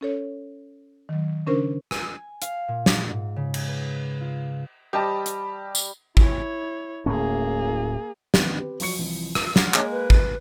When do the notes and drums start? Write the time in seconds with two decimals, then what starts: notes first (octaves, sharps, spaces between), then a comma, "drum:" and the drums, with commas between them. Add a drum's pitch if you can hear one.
0.01 C#4 A4 C#5
1.09 D#3 F#3
1.47 C#3 C#4 D4 A#4 C5
1.91 G#5, drum: rim click
2.42 F5, drum: hi-hat
2.68 A#2
2.86 drum: snare
3.11 G#2
3.36 C#3
3.54 drum: cymbal
3.68 B4
4.21 F4
4.93 G3 G4 D#5 A5
5.26 drum: hi-hat
5.75 drum: tambourine
6.17 E4 C#5, drum: kick G#1
7.06 D1 A2 A#3 C#4 G#4
8.34 D3 D#3 B3 C4, drum: snare
8.58 C4 G4 B4
8.80 F3 F#3 C#6 C#7, drum: open hi-hat
8.98 C2 E3 F3
9.35 drum: rim click
9.56 F5 F#5, drum: snare
9.74 G#3 A#3 C#5, drum: clap
9.92 B4
10.10 drum: kick G#1